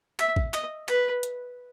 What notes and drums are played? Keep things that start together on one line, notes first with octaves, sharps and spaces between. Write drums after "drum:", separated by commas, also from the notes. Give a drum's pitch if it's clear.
E5, drum: clap
drum: kick
D#5, drum: clap
B4, drum: clap
drum: hi-hat